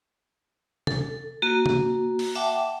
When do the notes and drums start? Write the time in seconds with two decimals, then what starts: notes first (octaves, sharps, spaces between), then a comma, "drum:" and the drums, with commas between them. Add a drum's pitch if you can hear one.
0.87 A4, drum: tom C3
1.42 A#3 F#4
1.66 drum: tom C3
2.19 drum: open hi-hat
2.35 E5 F#5 G5 A5 D6